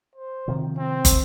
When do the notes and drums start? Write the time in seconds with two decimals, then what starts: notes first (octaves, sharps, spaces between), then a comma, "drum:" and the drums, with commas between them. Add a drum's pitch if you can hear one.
0.16 C5
0.48 C3 D#3 F3
0.78 C4
1.05 drum: kick, hi-hat